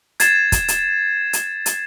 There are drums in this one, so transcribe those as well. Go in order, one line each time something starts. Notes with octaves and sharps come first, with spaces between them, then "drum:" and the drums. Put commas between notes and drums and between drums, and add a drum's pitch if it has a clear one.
G#6 A6 C7 E7, drum: hi-hat
drum: kick, hi-hat
drum: hi-hat
drum: hi-hat
drum: hi-hat